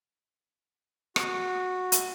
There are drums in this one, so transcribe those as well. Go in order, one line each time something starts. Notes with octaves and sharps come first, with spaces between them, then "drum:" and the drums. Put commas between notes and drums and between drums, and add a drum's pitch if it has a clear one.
F#4, drum: rim click
drum: hi-hat